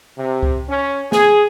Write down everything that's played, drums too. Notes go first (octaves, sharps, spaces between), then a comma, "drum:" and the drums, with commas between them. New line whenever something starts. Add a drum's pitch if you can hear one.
C3
drum: kick C#2
C#4
G#4, drum: snare